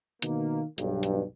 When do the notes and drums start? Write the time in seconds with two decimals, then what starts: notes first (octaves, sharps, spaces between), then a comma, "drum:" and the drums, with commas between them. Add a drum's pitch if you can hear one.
0.22 B2 D#3 A#3, drum: hi-hat
0.78 B1 G2, drum: hi-hat
1.03 drum: hi-hat